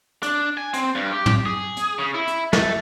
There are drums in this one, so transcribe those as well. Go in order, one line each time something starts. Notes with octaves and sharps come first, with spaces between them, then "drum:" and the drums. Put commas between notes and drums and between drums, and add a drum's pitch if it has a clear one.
D4, drum: hi-hat
G#5
C4, drum: hi-hat
G2
G4
drum: tom
G#4
drum: hi-hat
C#3
E4
drum: hi-hat
A3, drum: snare